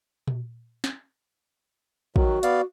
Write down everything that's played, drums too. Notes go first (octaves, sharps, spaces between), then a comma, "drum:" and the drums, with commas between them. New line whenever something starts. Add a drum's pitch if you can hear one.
drum: tom A#2
drum: snare
D#3 F#3 F#4, drum: kick
B3 D5 F5, drum: hi-hat